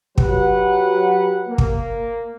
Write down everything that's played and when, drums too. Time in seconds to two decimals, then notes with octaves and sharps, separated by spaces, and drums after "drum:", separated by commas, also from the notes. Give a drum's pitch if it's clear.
0.18 F#3 G4 B4 F#5, drum: kick
1.49 A#3
1.58 drum: kick